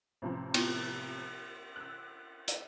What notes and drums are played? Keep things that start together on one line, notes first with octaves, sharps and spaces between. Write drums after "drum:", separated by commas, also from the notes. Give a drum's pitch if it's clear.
A1 C3 F3
B3 E4 F4, drum: cymbal
E6 F#6
drum: hi-hat